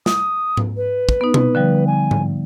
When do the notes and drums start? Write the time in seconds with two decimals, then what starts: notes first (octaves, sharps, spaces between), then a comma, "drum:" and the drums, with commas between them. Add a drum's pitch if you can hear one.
0.06 D#6, drum: snare
0.57 drum: tom G#2
0.77 B4
1.09 drum: kick
1.21 B3 D#4
1.34 drum: tom B2
1.55 D3 F3 G3
1.87 G#5
2.11 drum: tom G#2